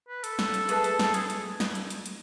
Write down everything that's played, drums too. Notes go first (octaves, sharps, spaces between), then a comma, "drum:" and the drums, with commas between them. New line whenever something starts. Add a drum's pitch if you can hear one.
B4
A4, drum: hi-hat
drum: snare
drum: hi-hat
G#4 B4 E5 A5, drum: hi-hat
drum: hi-hat
drum: snare
G#4, drum: hi-hat
drum: hi-hat
drum: snare
drum: hi-hat
drum: hi-hat
drum: hi-hat